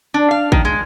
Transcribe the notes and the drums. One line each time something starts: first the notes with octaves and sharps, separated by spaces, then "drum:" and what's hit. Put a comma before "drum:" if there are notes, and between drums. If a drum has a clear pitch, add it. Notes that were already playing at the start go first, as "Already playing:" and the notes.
D4
F5
D#3, drum: kick
G#3